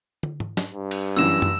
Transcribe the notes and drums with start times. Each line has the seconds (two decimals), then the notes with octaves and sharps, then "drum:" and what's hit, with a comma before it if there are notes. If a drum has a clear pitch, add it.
0.23 drum: tom
0.40 drum: tom G#2
0.57 drum: snare
0.74 G2
0.91 drum: cymbal
1.16 F#2 E3 E6 E7
1.42 drum: tom